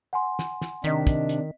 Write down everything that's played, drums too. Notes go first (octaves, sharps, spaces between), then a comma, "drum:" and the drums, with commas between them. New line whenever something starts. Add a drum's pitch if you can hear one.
F#5 G#5 C6
drum: snare
drum: snare
C3 D#3 D4 D#5 B6, drum: hi-hat
drum: kick, hi-hat
drum: hi-hat